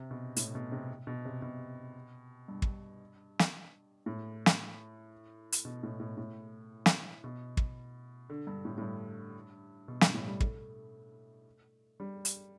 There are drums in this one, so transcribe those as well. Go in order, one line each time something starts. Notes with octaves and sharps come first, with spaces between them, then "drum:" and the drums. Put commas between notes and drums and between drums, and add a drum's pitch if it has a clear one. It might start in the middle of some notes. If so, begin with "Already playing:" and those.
Already playing: C3
B2
A2, drum: hi-hat
B2
C3
B2
C3
B2
G2
drum: kick
drum: snare
A2
drum: snare
drum: hi-hat
B2
A2
A2
A2
drum: snare
B2
drum: kick
D3
G2
A2
A2
G2
B2
G2, drum: snare
A2
G3
A3, drum: kick
G3
drum: hi-hat